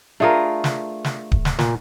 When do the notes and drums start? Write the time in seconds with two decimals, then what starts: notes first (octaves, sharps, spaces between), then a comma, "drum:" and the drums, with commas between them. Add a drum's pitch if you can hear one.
0.20 A3 D4 F4 G#4 A#4
0.64 drum: snare
1.04 drum: snare
1.32 drum: kick D1
1.45 drum: snare
1.59 A#2, drum: snare